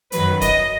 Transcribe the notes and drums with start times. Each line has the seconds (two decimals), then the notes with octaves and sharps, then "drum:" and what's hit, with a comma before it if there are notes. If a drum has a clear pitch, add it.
0.12 F#2 D#3 F#3 B4, drum: hi-hat
0.41 D#5, drum: kick F1, hi-hat